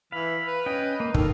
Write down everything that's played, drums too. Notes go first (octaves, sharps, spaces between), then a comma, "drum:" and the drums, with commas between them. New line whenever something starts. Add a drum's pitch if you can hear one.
E3 F5 B5
B4
C#4 D#5 G5
A#3
D#3 A4 F5, drum: kick